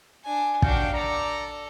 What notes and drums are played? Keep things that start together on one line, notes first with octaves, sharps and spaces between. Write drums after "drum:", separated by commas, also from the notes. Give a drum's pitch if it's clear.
D4 G#5
D#2 D4 F#4 F5 G5, drum: kick
A4 D5 A#5